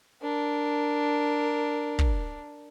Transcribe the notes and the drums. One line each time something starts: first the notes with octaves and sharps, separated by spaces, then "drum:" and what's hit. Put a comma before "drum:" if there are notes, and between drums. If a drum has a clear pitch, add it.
D4 A#4
drum: kick